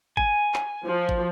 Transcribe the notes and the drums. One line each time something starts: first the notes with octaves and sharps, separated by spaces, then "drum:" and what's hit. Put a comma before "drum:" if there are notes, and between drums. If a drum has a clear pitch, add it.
G#5, drum: kick G#1
drum: clap
F3
drum: kick G#1